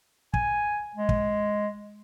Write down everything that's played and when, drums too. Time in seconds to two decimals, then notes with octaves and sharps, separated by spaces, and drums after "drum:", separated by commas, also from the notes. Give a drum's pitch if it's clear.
0.34 G#5, drum: kick
0.95 G#3
1.09 drum: kick